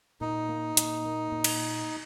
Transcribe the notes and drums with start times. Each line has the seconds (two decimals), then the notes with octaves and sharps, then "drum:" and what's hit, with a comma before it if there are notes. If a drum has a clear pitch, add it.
0.21 A#2 D#4
0.49 A#3
0.77 A#2, drum: hi-hat
1.05 A#3
1.32 A#2
1.44 drum: cymbal